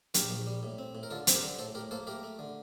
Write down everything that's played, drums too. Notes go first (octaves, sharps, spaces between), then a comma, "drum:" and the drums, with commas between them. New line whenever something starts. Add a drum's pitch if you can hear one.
A#1 G4 A#4, drum: hi-hat
A#1
G3
A2
C4
A2
A#4
D3 F4 A4
C4 C5, drum: hi-hat
G4 A#4
D3
A2 A4 C5
A2 G4 A#4
A#3 A4 C5
A3 G4 A#4
A3
D3